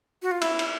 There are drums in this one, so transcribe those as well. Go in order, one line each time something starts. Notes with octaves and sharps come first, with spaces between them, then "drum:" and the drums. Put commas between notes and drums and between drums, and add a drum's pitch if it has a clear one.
F#4
F4
E4, drum: cymbal
drum: cymbal